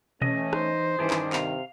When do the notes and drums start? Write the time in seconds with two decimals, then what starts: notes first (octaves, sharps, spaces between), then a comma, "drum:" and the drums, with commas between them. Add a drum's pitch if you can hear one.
0.22 E3 A3 C#4 D#5, drum: tom B2
0.53 D#4 C5, drum: rim click
0.99 G2 D#3 E3 C#4 D4 G#4
1.10 drum: clap
1.33 C3 F5, drum: clap